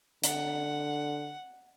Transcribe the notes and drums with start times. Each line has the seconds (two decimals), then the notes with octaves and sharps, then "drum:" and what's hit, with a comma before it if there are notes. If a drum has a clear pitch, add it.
0.24 D3 F#5, drum: hi-hat